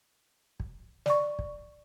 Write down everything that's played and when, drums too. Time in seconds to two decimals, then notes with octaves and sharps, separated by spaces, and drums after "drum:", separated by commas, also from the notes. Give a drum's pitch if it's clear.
0.60 drum: kick
1.06 D5 C#6, drum: snare
1.39 drum: kick